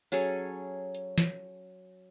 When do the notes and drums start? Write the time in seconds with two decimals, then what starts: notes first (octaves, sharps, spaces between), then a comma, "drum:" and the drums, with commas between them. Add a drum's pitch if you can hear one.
0.12 F#3 C#4 G#4 A4
0.95 drum: hi-hat
1.18 drum: snare